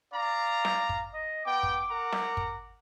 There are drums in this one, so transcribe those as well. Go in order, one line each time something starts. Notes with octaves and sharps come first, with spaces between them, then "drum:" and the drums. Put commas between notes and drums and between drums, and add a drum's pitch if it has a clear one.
D5 F5 A#5
drum: snare
drum: kick
D#5
B3 G5 D6
drum: kick
A#4 F#5 A#5
drum: snare
drum: kick